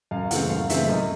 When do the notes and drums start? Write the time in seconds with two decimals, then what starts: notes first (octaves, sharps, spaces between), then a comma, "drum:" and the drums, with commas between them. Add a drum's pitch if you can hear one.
0.11 F#2 F5
0.31 C#3 E3 A3 C4 F#5, drum: hi-hat
0.50 F#2 F5
0.70 C#3 E3 A3 C4 E5, drum: hi-hat
0.88 F#2 D#5